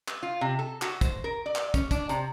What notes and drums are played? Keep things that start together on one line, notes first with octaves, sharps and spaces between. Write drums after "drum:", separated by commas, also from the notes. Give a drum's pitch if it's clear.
drum: clap
F4
C3
A4
F#4, drum: clap
C5, drum: kick, hi-hat
A#4
D5
drum: clap
C#4, drum: kick, hi-hat
D4, drum: kick, hi-hat
C3, drum: hi-hat